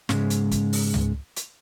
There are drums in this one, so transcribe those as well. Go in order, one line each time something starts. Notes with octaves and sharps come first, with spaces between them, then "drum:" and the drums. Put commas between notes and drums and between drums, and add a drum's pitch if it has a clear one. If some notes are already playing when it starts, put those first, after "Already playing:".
G#2 C#3 G#3, drum: snare
drum: hi-hat
drum: kick, hi-hat
drum: open hi-hat
drum: tom C#2
drum: hi-hat